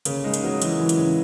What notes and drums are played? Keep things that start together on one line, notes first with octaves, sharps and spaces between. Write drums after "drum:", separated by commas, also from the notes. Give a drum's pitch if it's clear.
C#3 A#3, drum: hi-hat
G#3 D#4
drum: hi-hat
F#3 A#3
E3, drum: hi-hat
E3
drum: hi-hat
C#3